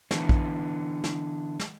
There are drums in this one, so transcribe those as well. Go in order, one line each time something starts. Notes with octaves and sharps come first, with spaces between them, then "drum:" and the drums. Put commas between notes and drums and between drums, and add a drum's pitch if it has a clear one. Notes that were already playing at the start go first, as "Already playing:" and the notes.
D3 E3 F3 B3 D4, drum: snare
drum: kick
drum: snare
drum: snare